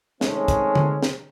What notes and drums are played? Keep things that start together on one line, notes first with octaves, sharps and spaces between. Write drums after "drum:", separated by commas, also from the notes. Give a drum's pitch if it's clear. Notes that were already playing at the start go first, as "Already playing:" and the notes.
D#3 G#3 A3 C4 C#4, drum: snare
drum: kick, hi-hat
drum: tom D3
drum: snare